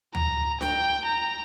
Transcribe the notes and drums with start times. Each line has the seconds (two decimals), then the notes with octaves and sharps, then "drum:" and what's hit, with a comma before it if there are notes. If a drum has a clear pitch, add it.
0.15 A#5, drum: tom D2
0.61 G5, drum: snare D4
1.05 A#5